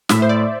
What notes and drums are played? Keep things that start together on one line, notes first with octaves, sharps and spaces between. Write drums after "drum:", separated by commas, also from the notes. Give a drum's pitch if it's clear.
A2 E5, drum: snare
C5
D5